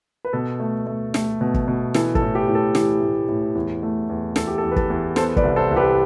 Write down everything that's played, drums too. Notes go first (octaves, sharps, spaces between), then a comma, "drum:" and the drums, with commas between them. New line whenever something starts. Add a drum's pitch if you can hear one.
B4
B2 A4
A3
A3
A3, drum: snare
B2
drum: kick
B2
E3 A4, drum: snare
A4, drum: kick
A2
G4
A2
A4
E3 G4, drum: snare
A2
A2
E2
A3
E2
E2 A4, drum: snare
G4
A4
E2
B4
A4, drum: kick
E2
B3 A4 C5, drum: snare
B4 D5, drum: kick
C2
A4 C5
C2
G4 B4